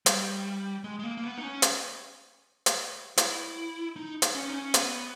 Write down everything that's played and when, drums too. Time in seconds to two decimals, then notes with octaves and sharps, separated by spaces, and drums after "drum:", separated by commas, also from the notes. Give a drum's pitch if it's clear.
0.06 G3, drum: hi-hat
0.84 G#3
0.99 G#3
1.03 A#3
1.17 A#3
1.23 B3
1.38 D#4
1.43 C#4
1.62 drum: hi-hat
2.66 drum: hi-hat
3.17 E4, drum: hi-hat
3.96 D#4
4.22 drum: hi-hat
4.35 C#4
4.50 D#4
4.54 C#4
4.74 B3, drum: hi-hat